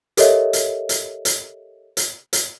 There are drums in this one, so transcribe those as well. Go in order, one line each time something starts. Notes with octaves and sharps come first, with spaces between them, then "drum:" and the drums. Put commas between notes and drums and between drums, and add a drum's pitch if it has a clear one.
G4 A4 A#4 C#5 D#5 E5, drum: hi-hat
drum: hi-hat
drum: hi-hat
drum: hi-hat
drum: hi-hat
drum: hi-hat